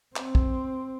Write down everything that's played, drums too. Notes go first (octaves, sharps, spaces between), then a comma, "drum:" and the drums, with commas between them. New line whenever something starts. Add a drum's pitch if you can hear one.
C4, drum: clap
drum: kick